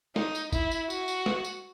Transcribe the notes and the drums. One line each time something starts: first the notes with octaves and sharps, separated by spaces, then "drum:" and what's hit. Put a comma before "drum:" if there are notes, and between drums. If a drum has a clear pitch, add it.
D#4, drum: snare
drum: tambourine
E4, drum: kick, tambourine
drum: tambourine
F#4, drum: tambourine
drum: tambourine
drum: snare
drum: tambourine